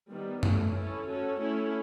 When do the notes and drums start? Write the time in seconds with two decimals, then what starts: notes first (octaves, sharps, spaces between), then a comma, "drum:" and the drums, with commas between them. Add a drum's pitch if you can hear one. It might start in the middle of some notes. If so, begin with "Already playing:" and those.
0.11 D#3 G3 B3
0.43 E3 A3 C#4, drum: tom F#2
0.76 C#4 E4 A4
1.08 C#4 F#4 A4
1.40 A3 C#4 E4